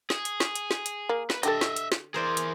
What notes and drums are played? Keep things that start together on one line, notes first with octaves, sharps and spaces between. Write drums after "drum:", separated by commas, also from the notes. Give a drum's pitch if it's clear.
G#4, drum: snare
drum: hi-hat
drum: snare
drum: hi-hat
drum: snare
drum: hi-hat
A#3
B4, drum: snare
D3 G4 A4 D#5 E5, drum: hi-hat
drum: snare
drum: hi-hat
drum: snare
E3 G#4 A#4 C5 D5
drum: hi-hat